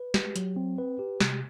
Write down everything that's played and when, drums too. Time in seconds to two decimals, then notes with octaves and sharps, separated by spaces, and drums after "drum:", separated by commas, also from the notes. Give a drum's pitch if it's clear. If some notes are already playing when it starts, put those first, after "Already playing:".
Already playing: B4
0.14 G4, drum: snare
0.36 F#3, drum: hi-hat
0.56 C4
0.78 B4
0.99 G4
1.20 C3, drum: snare